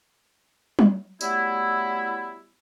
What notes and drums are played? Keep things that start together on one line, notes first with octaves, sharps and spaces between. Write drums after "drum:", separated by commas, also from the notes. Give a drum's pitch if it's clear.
drum: tom F#3
F#3 G3 A3 B3 E4, drum: tambourine